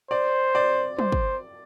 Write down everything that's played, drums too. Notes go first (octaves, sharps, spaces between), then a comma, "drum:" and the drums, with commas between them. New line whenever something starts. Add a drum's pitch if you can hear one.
C5 D5
D5
C5, drum: tom
drum: kick